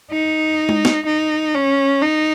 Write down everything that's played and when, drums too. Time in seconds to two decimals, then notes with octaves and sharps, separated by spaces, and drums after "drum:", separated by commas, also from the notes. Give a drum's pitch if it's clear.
0.11 D#4
0.69 drum: tom G#3
0.85 drum: snare
1.06 D#4
1.55 C#4
2.02 D#4